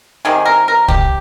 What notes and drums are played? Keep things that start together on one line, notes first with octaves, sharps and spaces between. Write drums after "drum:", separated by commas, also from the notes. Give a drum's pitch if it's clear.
C3 D#3 G#4
A#4
A#4
G4, drum: kick